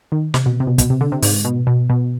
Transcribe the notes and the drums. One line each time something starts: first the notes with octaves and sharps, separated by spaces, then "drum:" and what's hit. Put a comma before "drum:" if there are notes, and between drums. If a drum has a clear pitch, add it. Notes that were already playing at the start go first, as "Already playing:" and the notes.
D#3
C3, drum: snare
B2
C3
B2
B2, drum: kick, hi-hat
C3
D3
C3
G#2, drum: open hi-hat
B2
B2
B2